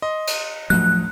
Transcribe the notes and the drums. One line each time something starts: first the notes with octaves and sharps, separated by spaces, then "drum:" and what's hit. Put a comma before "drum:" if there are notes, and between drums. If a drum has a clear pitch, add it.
D#5 C6
drum: cymbal
A1 D2 F3 F#3 F#6